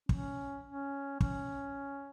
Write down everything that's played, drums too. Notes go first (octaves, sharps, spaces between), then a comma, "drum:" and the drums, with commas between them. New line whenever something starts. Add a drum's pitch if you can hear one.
C#4, drum: kick
C#4
C#4, drum: kick